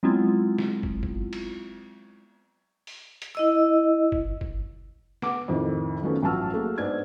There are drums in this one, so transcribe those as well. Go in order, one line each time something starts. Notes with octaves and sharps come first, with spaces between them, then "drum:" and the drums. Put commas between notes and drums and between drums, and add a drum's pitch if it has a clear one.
F#3 G#3 B3 C4 E4 F4
drum: snare
drum: kick
drum: kick
drum: cymbal
drum: open hi-hat
drum: hi-hat
E4 D#5 E6
drum: kick
drum: kick
B3 F#5 D6, drum: snare
F2 A2 D#3
D#3 F3 F#3 A3 B3 C#4
A1 F#3 F4 A5 E6 F6
A3 A#3 F#4 G#4
G#2 B3 D4 G#6